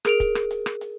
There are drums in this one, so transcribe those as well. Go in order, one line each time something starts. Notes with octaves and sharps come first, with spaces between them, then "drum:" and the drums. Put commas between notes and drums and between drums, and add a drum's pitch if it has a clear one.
G#4 A#4 D7 F7, drum: rim click
drum: kick, hi-hat
drum: rim click
drum: hi-hat
drum: rim click
drum: hi-hat